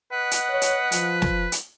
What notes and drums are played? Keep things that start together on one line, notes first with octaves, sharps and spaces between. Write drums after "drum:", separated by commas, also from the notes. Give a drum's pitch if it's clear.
B4 D#5 F#5
drum: hi-hat
C#5
drum: hi-hat
F3, drum: hi-hat
drum: snare
drum: hi-hat